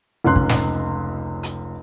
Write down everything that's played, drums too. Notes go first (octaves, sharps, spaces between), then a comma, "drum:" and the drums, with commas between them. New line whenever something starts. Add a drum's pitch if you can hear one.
F1 C#2 C#4 C6 F#6
drum: kick
drum: snare
drum: hi-hat